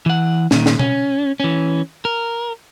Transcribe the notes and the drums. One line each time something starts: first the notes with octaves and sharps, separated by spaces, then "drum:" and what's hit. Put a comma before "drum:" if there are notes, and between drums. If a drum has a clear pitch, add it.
E3 F#5
A#2 D#3, drum: snare
drum: snare
C#4, drum: tom B2
E3 C#4
A#4